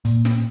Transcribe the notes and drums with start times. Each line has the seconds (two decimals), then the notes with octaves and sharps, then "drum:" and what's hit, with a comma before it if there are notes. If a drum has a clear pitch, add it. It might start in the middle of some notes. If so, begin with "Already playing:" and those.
0.05 A#2, drum: hi-hat
0.25 drum: snare